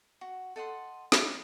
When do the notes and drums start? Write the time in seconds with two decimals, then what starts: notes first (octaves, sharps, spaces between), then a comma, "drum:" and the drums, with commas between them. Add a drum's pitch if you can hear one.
0.21 F#4
0.56 A4 D#5 F#5 C6
1.12 D5 D#5 A5, drum: snare